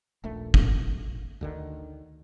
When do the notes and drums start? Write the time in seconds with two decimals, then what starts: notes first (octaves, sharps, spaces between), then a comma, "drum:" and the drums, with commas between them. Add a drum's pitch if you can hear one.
0.24 D#1 A#1 A3
0.54 drum: kick
1.41 D2 D3 D#3